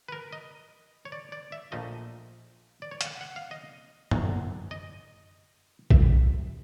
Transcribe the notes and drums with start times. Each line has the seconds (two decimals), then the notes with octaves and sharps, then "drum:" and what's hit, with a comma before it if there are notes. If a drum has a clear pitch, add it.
0.08 B4
0.12 A#4
0.33 D#5
1.05 C#5
1.12 D5
1.32 D5
1.52 E5
1.72 A#1 A#2 F3 A3 D#5
2.82 D5
2.91 C#5
3.01 F5, drum: hi-hat
3.06 F#5
3.21 F#5
3.36 F5
3.51 D#5
4.11 D2 C3 D#3 F#3, drum: tom F#2
4.71 D#5
5.91 E5, drum: kick B1